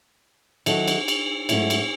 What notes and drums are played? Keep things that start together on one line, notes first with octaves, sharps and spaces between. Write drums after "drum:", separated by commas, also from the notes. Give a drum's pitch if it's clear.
D#3 F#3 C#4 E4 A4, drum: cymbal
drum: cymbal
drum: cymbal
G#2 F#3 A3 C#4 E4, drum: cymbal
drum: cymbal